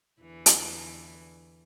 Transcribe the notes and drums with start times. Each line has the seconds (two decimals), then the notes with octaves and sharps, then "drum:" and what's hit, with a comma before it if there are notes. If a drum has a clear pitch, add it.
0.21 E2 D3 E3
0.46 drum: hi-hat